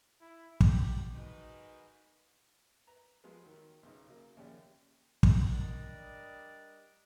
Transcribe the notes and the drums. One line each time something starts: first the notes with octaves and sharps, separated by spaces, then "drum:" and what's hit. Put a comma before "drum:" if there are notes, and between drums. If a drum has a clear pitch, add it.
E4
G4, drum: kick
G#2 B2 D#3 B3 D#4
B4 A#5
F3 G3 G#3 B3 F4 G#4
D#3 F#3
B1 C#3 D#4
C#3 F#3 A#3
A#1 D#2 C#3 C#4 G4 D5
drum: kick
G3 D4 A#4 D#5